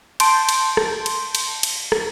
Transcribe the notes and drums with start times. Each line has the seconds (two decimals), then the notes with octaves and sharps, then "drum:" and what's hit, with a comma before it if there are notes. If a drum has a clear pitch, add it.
0.20 A5 C6 G6 D7, drum: cymbal
0.49 drum: cymbal
0.77 drum: rim click
1.06 drum: cymbal
1.35 drum: cymbal
1.63 drum: cymbal
1.92 drum: rim click